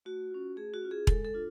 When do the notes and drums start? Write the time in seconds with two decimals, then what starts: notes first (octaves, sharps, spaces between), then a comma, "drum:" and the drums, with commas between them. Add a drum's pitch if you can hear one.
0.05 A3 F#4
0.30 C#4 F4
0.56 A3 G#4
0.74 F#4
0.82 C#4 F4
0.91 G#4
1.07 G#3 A4, drum: kick E1
1.25 A4
1.34 D4 F4